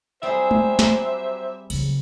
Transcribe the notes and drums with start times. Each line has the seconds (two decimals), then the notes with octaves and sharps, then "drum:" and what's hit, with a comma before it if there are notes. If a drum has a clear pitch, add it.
0.23 F#3 G3 C4 G4 G#4 C5 E5
0.51 drum: tom G#3
0.79 drum: snare
1.70 C#3 F#3, drum: cymbal